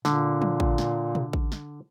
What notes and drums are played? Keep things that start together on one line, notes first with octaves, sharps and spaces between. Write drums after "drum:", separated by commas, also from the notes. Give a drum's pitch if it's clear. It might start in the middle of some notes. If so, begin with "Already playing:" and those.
A#2 D3, drum: snare
drum: tom
drum: kick A1
drum: snare
drum: tom
drum: kick A1
drum: snare